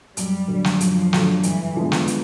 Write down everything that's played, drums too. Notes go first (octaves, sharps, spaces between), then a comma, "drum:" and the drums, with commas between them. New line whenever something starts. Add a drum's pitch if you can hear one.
F#2 G3, drum: hi-hat
D3 F#3 A3
drum: snare
F#2 F3, drum: hi-hat
D3 F#3 A3, drum: snare
G2 E3, drum: hi-hat
D3 F3 G#3 B3
drum: snare
drum: hi-hat